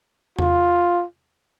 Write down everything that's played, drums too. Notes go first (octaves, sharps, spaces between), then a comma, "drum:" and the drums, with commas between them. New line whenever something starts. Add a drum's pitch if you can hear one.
F4, drum: tom E2